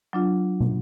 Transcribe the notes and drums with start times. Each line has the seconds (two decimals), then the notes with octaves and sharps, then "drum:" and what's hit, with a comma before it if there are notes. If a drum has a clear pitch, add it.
0.13 F#3 D4 F4
0.60 drum: tom